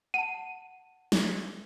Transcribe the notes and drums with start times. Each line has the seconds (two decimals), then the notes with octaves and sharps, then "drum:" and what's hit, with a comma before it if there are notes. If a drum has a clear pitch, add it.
0.14 F#5 A5 D#7
1.12 drum: snare